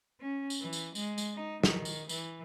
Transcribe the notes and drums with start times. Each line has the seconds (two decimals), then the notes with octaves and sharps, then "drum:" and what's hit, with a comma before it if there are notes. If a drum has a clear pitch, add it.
0.20 C#4
0.50 drum: tambourine
0.60 E3
0.73 drum: tambourine
0.95 G#3, drum: tambourine
1.18 drum: tambourine
1.34 D#4
1.64 D#3, drum: snare
1.85 drum: tambourine
2.09 E3, drum: tambourine